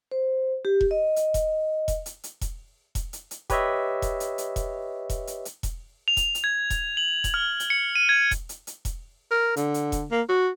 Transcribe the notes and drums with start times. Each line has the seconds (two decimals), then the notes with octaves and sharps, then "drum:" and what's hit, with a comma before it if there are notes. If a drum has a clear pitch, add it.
0.12 C5
0.65 G4
0.81 drum: kick E1
0.91 D#5
1.16 drum: hi-hat
1.34 drum: kick E1, hi-hat
1.88 drum: kick E1, hi-hat
2.06 drum: hi-hat
2.24 drum: hi-hat
2.41 drum: kick E1, hi-hat
2.95 drum: kick E1, hi-hat
3.13 drum: hi-hat
3.31 drum: hi-hat
3.50 G4 B4 C#5 D#5 E5, drum: kick E1, hi-hat
4.02 drum: kick E1, hi-hat
4.20 drum: hi-hat
4.38 drum: hi-hat
4.56 drum: kick E1, hi-hat
5.10 drum: kick E1, hi-hat
5.27 drum: hi-hat
5.45 drum: hi-hat
5.63 drum: kick E1, hi-hat
6.08 F7
6.17 drum: kick E1, hi-hat
6.35 drum: hi-hat
6.44 G#6
6.70 drum: kick E1, hi-hat
6.97 F#7
7.24 drum: kick E1, hi-hat
7.34 F6
7.60 drum: hi-hat
7.70 C#7
7.96 D#7
8.09 G#6
8.31 drum: kick E1, hi-hat
8.49 drum: hi-hat
8.67 drum: hi-hat
8.85 drum: kick E1, hi-hat
9.31 A#4
9.56 D3, drum: hi-hat
9.74 drum: hi-hat
9.92 drum: kick E1, hi-hat
10.11 A#3
10.29 F#4